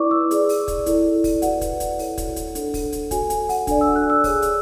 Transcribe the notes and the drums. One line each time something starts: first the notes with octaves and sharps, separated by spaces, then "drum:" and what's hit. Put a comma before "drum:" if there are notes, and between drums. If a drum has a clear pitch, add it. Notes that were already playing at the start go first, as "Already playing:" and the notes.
Already playing: E4 B4 D5 C#6 D6
E6
G#4 D5, drum: hi-hat
drum: open hi-hat
drum: kick, hi-hat
E4 A4 D5, drum: hi-hat
drum: kick, open hi-hat
F#4 B4 D5 F#5, drum: hi-hat
drum: kick, hi-hat
drum: hi-hat
E4 A4 C#5, drum: open hi-hat
drum: kick, hi-hat
drum: hi-hat
D4 A4 C#5, drum: hi-hat
drum: kick, open hi-hat
drum: hi-hat
F#4 A4 C#5 G#5, drum: kick, hi-hat
G#5, drum: hi-hat
F#5, drum: open hi-hat
D4 A4 D5 G#5, drum: kick, hi-hat
E6
F#6
E6
G#4 C#5, drum: kick, open hi-hat
drum: hi-hat